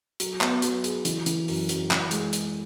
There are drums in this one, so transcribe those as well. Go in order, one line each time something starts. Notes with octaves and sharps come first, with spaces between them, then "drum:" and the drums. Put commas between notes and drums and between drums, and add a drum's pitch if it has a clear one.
F#3, drum: hi-hat
B3, drum: clap
F#3, drum: hi-hat
G#4, drum: hi-hat
E3, drum: hi-hat
E3, drum: hi-hat
F#2, drum: open hi-hat
F#2, drum: hi-hat
E3, drum: clap
G#3, drum: hi-hat
drum: hi-hat